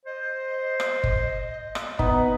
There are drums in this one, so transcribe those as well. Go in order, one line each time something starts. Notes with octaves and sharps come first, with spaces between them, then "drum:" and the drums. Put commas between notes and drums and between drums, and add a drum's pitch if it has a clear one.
C5 D#5
drum: rim click
drum: kick G1
drum: rim click
B3 D#4, drum: kick G1